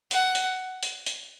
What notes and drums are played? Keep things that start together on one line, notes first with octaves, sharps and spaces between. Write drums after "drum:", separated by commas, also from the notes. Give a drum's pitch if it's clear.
F#5, drum: hi-hat
drum: hi-hat
drum: hi-hat
drum: hi-hat